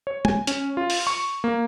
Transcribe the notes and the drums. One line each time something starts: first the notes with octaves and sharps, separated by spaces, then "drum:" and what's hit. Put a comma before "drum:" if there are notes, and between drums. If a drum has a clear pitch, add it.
C#5
G#5, drum: tom
C#4, drum: hi-hat
F4
drum: open hi-hat
C#6
A#3